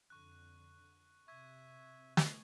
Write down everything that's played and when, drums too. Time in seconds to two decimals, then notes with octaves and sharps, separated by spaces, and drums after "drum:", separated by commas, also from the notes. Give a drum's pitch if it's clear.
0.10 F2 D3 C#6 F#6
1.28 C3 E5 C#6 G#6
2.17 drum: snare